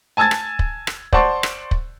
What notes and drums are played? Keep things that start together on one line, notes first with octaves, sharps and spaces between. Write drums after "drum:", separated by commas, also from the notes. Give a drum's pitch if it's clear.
G#5 A5 E6 G#6 A6
drum: rim click
drum: kick
drum: rim click
C5 D5 F#5 A5 C6 C#6, drum: kick
drum: rim click
drum: kick